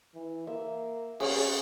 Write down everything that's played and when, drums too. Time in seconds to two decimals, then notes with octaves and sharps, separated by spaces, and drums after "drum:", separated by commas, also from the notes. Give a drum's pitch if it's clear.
0.15 E3
0.47 A#3 E5
1.20 C#4 G#4 C#5, drum: cymbal